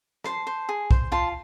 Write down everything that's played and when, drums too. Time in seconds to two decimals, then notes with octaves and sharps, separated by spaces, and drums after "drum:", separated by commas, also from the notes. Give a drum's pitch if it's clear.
0.24 C5 A5 C6, drum: rim click
0.47 C5
0.69 G#4
0.91 C5, drum: kick B1
1.12 F4 A5 C6